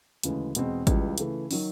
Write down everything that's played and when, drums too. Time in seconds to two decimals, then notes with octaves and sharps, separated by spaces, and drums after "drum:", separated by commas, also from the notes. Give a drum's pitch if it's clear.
0.23 D2 C#3 E3 G#3, drum: hi-hat
0.55 E2 B2 G#3 C4, drum: hi-hat
0.87 C#2 C#3 E3 G3, drum: kick G#1, hi-hat
1.18 C#3 E3 A3, drum: hi-hat
1.51 D#3 F#3, drum: open hi-hat